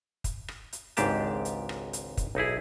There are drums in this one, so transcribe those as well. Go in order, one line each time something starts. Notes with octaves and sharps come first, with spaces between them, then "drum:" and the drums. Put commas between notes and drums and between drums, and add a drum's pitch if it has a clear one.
drum: kick, hi-hat
drum: rim click
drum: hi-hat
G#1 C#2 G#2 D4 G4 A5, drum: hi-hat
drum: hi-hat
drum: rim click
drum: hi-hat
drum: kick, hi-hat
B1 D#4 E4 G#4